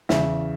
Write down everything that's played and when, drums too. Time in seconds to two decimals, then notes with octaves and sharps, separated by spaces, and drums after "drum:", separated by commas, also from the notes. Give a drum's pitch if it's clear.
0.09 E2 C#3 E3 E5, drum: snare